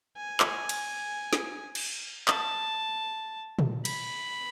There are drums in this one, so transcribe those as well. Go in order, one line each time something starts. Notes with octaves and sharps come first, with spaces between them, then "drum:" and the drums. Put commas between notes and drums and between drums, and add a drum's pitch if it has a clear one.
G#5
drum: clap
drum: cymbal
drum: snare
drum: cymbal
A5, drum: clap
drum: tom A#2
B5, drum: cymbal